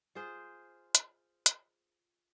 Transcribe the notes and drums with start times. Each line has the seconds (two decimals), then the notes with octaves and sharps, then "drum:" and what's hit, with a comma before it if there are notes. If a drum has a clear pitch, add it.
0.15 F4 G#4 C5
0.95 drum: hi-hat
1.46 drum: hi-hat